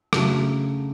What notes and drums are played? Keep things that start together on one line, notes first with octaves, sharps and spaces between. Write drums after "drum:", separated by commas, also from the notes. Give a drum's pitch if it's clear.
C#3 F#3 A3, drum: rim click